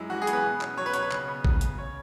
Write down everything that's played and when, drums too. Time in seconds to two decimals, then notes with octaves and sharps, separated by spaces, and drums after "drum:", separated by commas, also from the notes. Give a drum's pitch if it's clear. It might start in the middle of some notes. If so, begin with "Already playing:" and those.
Already playing: F#2 G#3 E4
0.10 E3 F#4
0.22 G#4
0.27 B3, drum: hi-hat
0.33 B4
0.44 B2
0.61 C#4, drum: clap
0.77 F#3 C#5
0.86 B4
0.94 B2 C#5, drum: hi-hat
1.02 B4
1.11 C#3, drum: clap
1.28 B3
1.45 F#3, drum: kick
1.61 C#3, drum: hi-hat
1.78 C#3 C#5